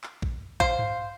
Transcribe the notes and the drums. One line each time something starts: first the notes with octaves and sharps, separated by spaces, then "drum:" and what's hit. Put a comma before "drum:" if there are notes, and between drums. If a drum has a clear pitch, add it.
drum: clap
drum: kick A#1
C5 F5, drum: kick A#1
drum: tom G2